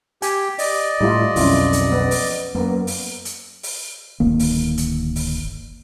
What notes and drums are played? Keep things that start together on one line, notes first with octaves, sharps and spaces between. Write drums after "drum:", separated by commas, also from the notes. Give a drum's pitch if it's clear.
G4 G#5, drum: hi-hat
D5 D#5, drum: open hi-hat
A2 G3 E4 F4
B1 F2 C#4 E4 F4, drum: open hi-hat
drum: hi-hat
B3
drum: open hi-hat
F#2 A#3 B3
drum: open hi-hat
drum: hi-hat
drum: open hi-hat
D1 G1 D#3 A#3
drum: open hi-hat
drum: hi-hat
drum: open hi-hat